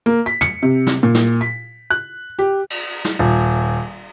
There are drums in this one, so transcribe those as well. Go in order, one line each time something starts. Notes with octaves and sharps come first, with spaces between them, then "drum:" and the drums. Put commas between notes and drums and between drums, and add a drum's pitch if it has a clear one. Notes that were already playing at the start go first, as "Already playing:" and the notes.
A#3
B6
C#7, drum: tom
C3
drum: snare
A#2
drum: snare
B6
F#6
G4
drum: cymbal
drum: snare
D#1